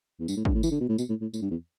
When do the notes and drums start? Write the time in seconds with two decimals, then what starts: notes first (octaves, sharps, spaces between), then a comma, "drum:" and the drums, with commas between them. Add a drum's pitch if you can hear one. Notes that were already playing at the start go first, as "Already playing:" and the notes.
0.20 E2
0.28 G2, drum: tambourine
0.37 A2
0.45 G2, drum: kick
0.54 A2
0.63 E3, drum: tambourine
0.71 D3
0.81 B2
0.89 A2
0.98 B2, drum: tambourine
1.09 A2
1.21 A2
1.34 A2, drum: tambourine
1.42 G2
1.51 E2